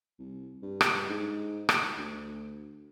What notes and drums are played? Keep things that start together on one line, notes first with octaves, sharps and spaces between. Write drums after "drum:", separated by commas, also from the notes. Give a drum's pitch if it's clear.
C2
G2
drum: rim click
G#2
drum: rim click
D2